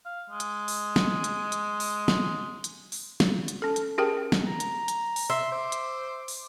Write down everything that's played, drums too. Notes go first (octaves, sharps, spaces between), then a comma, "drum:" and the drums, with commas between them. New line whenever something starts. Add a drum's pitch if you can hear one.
F5
G#3
drum: hi-hat
drum: open hi-hat
drum: snare
drum: hi-hat
drum: hi-hat
drum: open hi-hat
drum: snare
drum: hi-hat
drum: open hi-hat
drum: snare
drum: hi-hat
C#4 A4
drum: hi-hat
C#4 G4 G#4 A#4 G5
drum: snare
A#5
drum: hi-hat
drum: hi-hat
drum: open hi-hat
E5 C6
C5 D6
drum: hi-hat
drum: open hi-hat